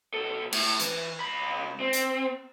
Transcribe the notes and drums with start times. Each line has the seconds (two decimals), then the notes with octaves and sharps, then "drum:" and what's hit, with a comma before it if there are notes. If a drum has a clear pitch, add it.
0.14 B1 A4
0.53 A2, drum: cymbal
0.80 E3, drum: hi-hat
1.20 C#2 B5
1.80 C4
1.93 drum: hi-hat